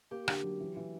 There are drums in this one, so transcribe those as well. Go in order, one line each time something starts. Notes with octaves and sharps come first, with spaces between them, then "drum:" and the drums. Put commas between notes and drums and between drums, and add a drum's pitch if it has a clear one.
A#3 G4
D3, drum: rim click
F#3
E3
E3